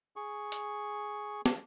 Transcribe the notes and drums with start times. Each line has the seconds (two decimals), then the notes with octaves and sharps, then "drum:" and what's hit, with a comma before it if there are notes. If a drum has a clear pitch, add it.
0.16 G#4 C#6
0.52 drum: hi-hat
1.46 drum: snare